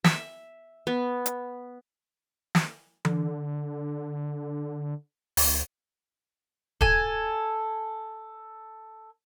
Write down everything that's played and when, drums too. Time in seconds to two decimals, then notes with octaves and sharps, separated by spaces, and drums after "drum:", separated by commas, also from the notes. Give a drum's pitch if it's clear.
0.04 E5, drum: snare
0.87 B3
1.26 drum: hi-hat
2.55 drum: snare
3.05 D3, drum: tom E3
5.37 D2, drum: open hi-hat
6.81 A4 G#5, drum: kick